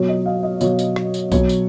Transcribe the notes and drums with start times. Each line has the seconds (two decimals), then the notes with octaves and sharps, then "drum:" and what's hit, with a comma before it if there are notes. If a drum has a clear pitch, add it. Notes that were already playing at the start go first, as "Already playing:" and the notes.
Already playing: B2 F#3 C#5
0.08 D#5
0.26 F5
0.43 D#5
0.61 B2 F#3 C#5, drum: tambourine
0.79 drum: tambourine
0.96 drum: rim click
1.14 drum: tambourine
1.32 B2 F#3 C#5, drum: kick B1, tambourine
1.49 drum: tambourine